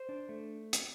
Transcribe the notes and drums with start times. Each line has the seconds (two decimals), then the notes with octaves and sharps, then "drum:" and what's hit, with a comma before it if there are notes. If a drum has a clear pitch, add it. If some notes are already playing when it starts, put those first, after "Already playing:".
Already playing: C5
0.09 D4
0.29 A3
0.73 drum: hi-hat